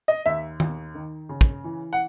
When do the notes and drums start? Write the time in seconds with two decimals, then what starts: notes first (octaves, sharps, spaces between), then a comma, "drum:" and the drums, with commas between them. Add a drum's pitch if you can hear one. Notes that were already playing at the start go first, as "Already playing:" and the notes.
0.08 D#5
0.26 D#2 E5
0.60 D#2, drum: tom D#3
0.95 D#3
1.29 C#3
1.41 drum: kick
1.64 E3
1.93 F#5